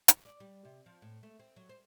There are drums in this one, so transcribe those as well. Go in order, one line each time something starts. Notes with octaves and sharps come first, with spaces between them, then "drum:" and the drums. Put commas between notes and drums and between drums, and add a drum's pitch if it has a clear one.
drum: hi-hat
D5
G3
C3
F3
A2
A3
C4
F#3
C5